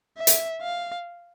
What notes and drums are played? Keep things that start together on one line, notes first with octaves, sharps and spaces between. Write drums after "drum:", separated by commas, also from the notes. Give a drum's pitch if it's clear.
E5
drum: hi-hat
F5